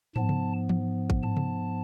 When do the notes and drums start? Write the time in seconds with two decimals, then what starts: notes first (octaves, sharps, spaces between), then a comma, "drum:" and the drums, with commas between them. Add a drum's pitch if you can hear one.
0.16 G#2 F3 B3 A5, drum: tom
0.29 drum: tom C3
0.69 drum: tom E3
1.10 drum: kick A1
1.23 A5, drum: tom
1.37 drum: tom C3